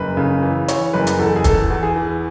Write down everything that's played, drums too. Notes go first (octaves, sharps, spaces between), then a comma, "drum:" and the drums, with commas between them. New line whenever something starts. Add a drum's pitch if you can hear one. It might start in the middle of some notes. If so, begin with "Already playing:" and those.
Already playing: F#1 B4
C#3
E3
E3 C#5, drum: hi-hat
F#1 B4
drum: hi-hat
E2 A4
G#4
E3 A4, drum: kick, hi-hat
E2
G#4
E3